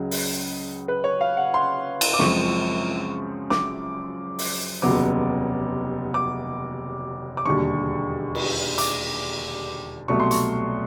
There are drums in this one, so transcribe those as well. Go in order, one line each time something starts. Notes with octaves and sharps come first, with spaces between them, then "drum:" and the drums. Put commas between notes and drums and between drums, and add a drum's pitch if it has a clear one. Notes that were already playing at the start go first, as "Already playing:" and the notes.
Already playing: C#2 C#3 F#3
drum: open hi-hat
B4
C#5
F5
F#5
C6
drum: cymbal
D6
F#2 C#3 F3 G#3 C4 C#6, drum: snare
D6, drum: snare
drum: open hi-hat
F1 D#2 C#3 F#3 B3 D6
D6
D6
E1 D#2 D3 G3 C#6
drum: cymbal
D6, drum: hi-hat
C2 B2 F#3 A3 C#6
C6
C#6, drum: hi-hat